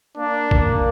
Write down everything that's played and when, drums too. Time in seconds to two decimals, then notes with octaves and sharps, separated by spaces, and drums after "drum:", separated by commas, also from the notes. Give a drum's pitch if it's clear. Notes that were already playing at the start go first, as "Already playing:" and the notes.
0.17 A#3 D4
0.51 A#3, drum: kick